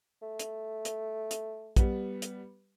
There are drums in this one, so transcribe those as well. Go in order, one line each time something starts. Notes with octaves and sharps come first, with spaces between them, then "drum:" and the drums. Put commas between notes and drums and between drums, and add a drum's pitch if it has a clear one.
A3
drum: hi-hat
drum: hi-hat
drum: hi-hat
G3 B3, drum: kick, hi-hat
drum: hi-hat